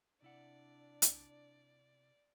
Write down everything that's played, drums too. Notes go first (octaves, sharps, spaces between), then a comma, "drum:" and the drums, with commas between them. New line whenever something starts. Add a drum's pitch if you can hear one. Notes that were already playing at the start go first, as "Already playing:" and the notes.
C3 D4 E4 D5 F#5
drum: hi-hat